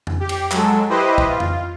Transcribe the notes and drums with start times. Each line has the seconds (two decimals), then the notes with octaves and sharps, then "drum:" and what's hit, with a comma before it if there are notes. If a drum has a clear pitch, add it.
0.07 drum: tom F2
0.20 G4
0.29 drum: cymbal
0.51 F#3 G#3 A4, drum: clap
0.89 E4 G4 B4 C5 D#5
1.18 drum: kick
1.28 F4
1.40 drum: tom F2